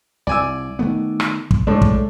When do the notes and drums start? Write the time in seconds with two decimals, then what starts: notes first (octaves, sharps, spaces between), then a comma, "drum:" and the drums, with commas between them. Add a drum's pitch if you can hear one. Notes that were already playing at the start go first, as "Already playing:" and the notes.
0.27 C2 D5 G#5 E6
0.79 D#3 A3 B3
1.20 drum: rim click
1.51 drum: kick
1.67 A2 G#3 A3 D4
1.81 drum: kick